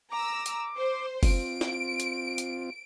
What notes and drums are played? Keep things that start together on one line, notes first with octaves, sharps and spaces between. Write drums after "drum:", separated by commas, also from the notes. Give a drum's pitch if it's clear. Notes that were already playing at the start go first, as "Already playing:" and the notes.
A#5 D6 E6
drum: hi-hat
C5
C4 F4 D7, drum: kick F#1, open hi-hat
drum: snare
drum: hi-hat
drum: hi-hat